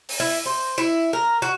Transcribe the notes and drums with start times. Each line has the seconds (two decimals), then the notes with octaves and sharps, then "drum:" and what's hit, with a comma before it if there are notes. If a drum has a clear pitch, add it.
0.09 drum: open hi-hat
0.20 E4
0.46 C5
0.78 E4
1.13 A#4
1.42 F#4